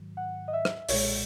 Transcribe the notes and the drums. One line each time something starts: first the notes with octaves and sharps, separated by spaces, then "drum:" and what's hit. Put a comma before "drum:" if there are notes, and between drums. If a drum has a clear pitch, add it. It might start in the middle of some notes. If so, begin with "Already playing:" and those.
Already playing: G#2 D#3 F#3
F#5
D#5
E5
drum: rim click
B1 A#2 G#3 C#5, drum: open hi-hat